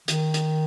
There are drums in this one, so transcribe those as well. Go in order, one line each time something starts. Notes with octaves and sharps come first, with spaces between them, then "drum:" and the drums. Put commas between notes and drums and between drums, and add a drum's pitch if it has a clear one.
D#3, drum: hi-hat
drum: hi-hat